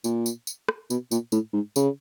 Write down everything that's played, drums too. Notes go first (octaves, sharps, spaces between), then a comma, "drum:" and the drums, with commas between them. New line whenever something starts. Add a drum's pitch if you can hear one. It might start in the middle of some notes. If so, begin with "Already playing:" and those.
A#2, drum: tambourine
drum: tambourine
drum: tambourine
drum: rim click
B2, drum: tambourine
A#2, drum: tambourine
A2, drum: tambourine
G#2
C#3, drum: tambourine